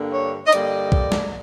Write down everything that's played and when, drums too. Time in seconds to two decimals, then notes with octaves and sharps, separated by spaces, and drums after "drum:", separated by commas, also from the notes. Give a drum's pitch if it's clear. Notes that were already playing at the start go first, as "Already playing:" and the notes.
Already playing: G2 D3 G3 A#3
0.13 C#5
0.46 D#5
0.52 G2 D3 G3 A#3 D5, drum: hi-hat
0.92 drum: kick
1.12 drum: snare